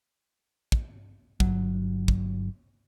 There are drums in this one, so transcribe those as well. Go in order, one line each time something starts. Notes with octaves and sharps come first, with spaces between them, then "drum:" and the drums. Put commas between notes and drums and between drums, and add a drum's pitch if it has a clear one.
drum: kick
G1 F#3, drum: kick
drum: kick